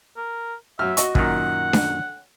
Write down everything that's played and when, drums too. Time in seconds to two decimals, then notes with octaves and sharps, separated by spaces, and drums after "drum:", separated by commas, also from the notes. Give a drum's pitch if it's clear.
0.17 A#4
0.79 F#2 E5 F6
0.97 F#4 D#5 C#6, drum: hi-hat
1.15 F#2 A#2 D#3 F#5, drum: kick
1.73 drum: snare D4